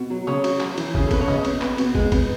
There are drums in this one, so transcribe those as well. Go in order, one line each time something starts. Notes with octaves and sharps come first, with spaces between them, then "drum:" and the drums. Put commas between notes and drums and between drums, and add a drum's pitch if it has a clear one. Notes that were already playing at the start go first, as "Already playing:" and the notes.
Already playing: B2
F#3
C#3 C#5
F#3, drum: cymbal
F#3, drum: clap
E3, drum: cymbal
C#3 G#4, drum: kick
A4
B3 B4, drum: kick, cymbal
C#5
C#3 D#5
B3, drum: cymbal
B3, drum: clap
B2, drum: cymbal
G#3, drum: kick
B3, drum: kick, cymbal